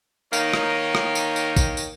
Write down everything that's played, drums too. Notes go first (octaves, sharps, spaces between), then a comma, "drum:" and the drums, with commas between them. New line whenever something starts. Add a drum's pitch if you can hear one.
D#3 A#3 D#4 C#5, drum: tambourine
drum: rim click
drum: rim click
drum: tambourine
drum: tambourine
drum: kick, tambourine
drum: tambourine